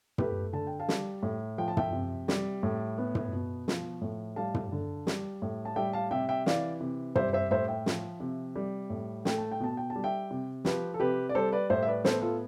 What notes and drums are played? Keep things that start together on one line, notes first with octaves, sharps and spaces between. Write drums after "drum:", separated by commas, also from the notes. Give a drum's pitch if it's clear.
A3 G4 B4, drum: tom
D3 A5
G5
F5 A5
G3, drum: snare
A2
F3 G5
A5
E5 G5, drum: tom
C3
G3, drum: snare
A2
B3
drum: tom
B2
F3, drum: snare
A2
G3 F5 A5
drum: tom
D3
G3, drum: snare
A2
A5
G3 E5 G5
F5 A5
C3 E5 G5
E5 G5
E3 D5 F5, drum: snare
C3
G3 C5 E5, drum: tom
C5 E5
A2 C5 E5
E5 G5
F3, drum: snare
C3
G3
A2
A3 G5, drum: snare
A5
G5
B2 A5
G5
A5
G3
E5 G5
C3
F3 G4 B4, drum: snare
A4
C3 G4 B4
D5
G3 A4 C5
B4 D5
A2 C5 E5
E5
B4 D5
B3 A4 C5, drum: snare
F4 A4